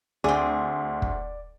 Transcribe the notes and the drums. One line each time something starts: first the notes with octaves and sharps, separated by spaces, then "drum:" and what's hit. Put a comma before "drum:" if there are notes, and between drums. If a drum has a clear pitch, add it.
D2 C4 G#4 D5
drum: kick